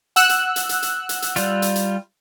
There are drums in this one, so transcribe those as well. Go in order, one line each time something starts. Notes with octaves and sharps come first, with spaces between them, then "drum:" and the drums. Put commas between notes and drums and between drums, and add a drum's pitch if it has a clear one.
F#5 E6 F#6, drum: hi-hat
drum: hi-hat
drum: hi-hat
drum: hi-hat
drum: hi-hat
drum: hi-hat
drum: hi-hat
G3 F4, drum: hi-hat
drum: hi-hat
drum: hi-hat